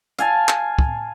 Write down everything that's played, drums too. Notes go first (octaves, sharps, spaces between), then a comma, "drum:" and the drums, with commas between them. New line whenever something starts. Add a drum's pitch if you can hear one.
F5 G#5 A5, drum: hi-hat
drum: clap
drum: kick